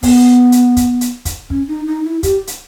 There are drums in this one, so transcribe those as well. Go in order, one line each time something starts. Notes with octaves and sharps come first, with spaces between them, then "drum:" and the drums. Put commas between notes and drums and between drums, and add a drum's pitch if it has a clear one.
B3, drum: kick, open hi-hat
drum: hi-hat
drum: kick, hi-hat
drum: hi-hat
drum: kick, hi-hat
C#4, drum: kick
D#4
D#4
E4
G4, drum: kick, hi-hat
drum: hi-hat